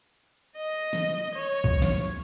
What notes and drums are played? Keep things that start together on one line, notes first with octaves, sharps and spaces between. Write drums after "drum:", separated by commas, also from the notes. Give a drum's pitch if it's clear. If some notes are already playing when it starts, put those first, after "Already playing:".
D#5
drum: snare
C#5
drum: kick
drum: snare